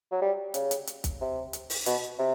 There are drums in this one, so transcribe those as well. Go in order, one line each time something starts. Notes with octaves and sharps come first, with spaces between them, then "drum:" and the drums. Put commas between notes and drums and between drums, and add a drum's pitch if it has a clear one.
F#3
G3
C#3, drum: hi-hat
drum: hi-hat
drum: hi-hat
drum: kick, hi-hat
C3
drum: hi-hat
drum: open hi-hat
B2, drum: hi-hat
C3